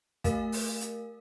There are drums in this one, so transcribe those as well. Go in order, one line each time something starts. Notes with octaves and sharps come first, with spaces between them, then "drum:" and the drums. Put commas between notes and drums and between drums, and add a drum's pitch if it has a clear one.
A3 A#4 F5, drum: kick, hi-hat
drum: open hi-hat
drum: hi-hat